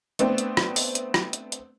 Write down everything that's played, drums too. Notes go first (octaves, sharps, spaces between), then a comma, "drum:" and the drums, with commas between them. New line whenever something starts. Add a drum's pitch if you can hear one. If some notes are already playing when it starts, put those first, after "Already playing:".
A3 B3 C4 D4, drum: hi-hat
drum: hi-hat
drum: rim click
drum: open hi-hat
drum: hi-hat
drum: rim click
drum: hi-hat
drum: hi-hat